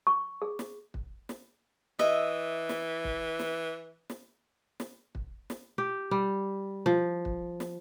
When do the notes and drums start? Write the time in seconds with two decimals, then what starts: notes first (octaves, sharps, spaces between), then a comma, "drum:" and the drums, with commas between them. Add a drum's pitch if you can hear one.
0.07 C#6
0.42 G#4
0.59 drum: snare
0.94 drum: kick
1.29 drum: snare
1.99 E3 D#5 E5, drum: snare
2.69 drum: snare
3.04 drum: kick
3.39 drum: snare
4.10 drum: snare
4.80 drum: snare
5.15 drum: kick
5.50 drum: snare
5.78 G4
6.11 G3
6.86 F3
7.25 drum: kick
7.60 drum: snare